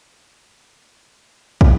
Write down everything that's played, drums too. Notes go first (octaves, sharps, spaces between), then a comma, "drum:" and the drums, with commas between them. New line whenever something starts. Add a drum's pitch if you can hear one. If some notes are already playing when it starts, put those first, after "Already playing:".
F6
B5
A#5
A#5
G#5
drum: kick